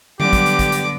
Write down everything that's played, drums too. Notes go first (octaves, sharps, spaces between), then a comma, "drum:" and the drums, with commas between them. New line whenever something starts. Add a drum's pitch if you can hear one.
D3 F#3 G3 B3 G4 D6, drum: tom D3
drum: kick, hi-hat
drum: hi-hat
drum: kick, hi-hat
drum: hi-hat